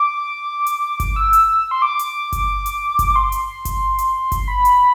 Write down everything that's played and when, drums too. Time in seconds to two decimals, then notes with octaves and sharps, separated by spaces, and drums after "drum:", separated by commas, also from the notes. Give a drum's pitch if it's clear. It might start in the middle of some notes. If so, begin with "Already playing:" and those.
Already playing: D6
0.66 drum: hi-hat
1.00 drum: kick G1, hi-hat
1.16 E6
1.33 drum: hi-hat
1.71 C6
1.82 D6
1.99 drum: hi-hat
2.32 drum: kick G1, hi-hat
2.66 drum: hi-hat
2.99 drum: kick G1, hi-hat
3.16 C6
3.32 drum: hi-hat
3.65 drum: kick G1, hi-hat
3.98 drum: hi-hat
4.32 drum: kick G1, hi-hat
4.48 B5
4.65 drum: hi-hat